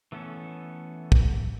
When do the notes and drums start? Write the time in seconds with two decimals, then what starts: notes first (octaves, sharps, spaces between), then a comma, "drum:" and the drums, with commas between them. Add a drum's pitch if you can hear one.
0.12 E3 A3 B3 C#4 A4
1.12 drum: kick